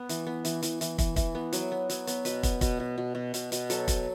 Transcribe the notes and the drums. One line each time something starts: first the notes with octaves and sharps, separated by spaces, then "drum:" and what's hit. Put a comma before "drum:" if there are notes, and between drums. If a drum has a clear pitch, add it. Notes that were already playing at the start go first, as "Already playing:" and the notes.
Already playing: B3
E3, drum: hi-hat
B3
E3, drum: hi-hat
E3, drum: hi-hat
E3, drum: hi-hat
E3, drum: kick, hi-hat
E3, drum: kick, hi-hat
B3
F#3, drum: hi-hat
B3
F#3, drum: hi-hat
B3, drum: hi-hat
B2 B4, drum: hi-hat
B3, drum: kick, hi-hat
B2, drum: kick, hi-hat
B2
B2
B2
B2, drum: hi-hat
B2, drum: hi-hat
F#3 A4, drum: hi-hat
F#3, drum: kick, hi-hat